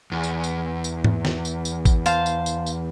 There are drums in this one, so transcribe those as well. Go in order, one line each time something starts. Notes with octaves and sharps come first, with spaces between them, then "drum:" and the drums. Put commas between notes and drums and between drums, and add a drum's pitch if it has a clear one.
E2
drum: tambourine
drum: tambourine
drum: tambourine
drum: tom G#2
drum: snare
drum: tambourine
drum: tambourine
drum: kick G#1, tambourine
C5 F5 A5, drum: tambourine
drum: tambourine
drum: tambourine
drum: tambourine